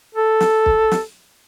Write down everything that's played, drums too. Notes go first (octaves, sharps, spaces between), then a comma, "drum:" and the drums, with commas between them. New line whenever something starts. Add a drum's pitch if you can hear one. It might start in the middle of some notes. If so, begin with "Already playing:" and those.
A4
drum: snare
drum: kick
drum: snare